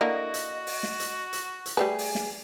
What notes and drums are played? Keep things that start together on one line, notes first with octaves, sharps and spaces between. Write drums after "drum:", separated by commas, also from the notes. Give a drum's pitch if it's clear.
D3 A#3 E4 F#4 D#5
drum: hi-hat
drum: open hi-hat
drum: snare
drum: hi-hat
drum: hi-hat
drum: hi-hat
G3 A3 G#4 B4 G#5
drum: open hi-hat
drum: snare